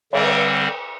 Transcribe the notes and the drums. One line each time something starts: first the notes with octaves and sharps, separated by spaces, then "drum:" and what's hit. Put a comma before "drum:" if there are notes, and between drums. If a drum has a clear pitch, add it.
D3 G3 C4, drum: cymbal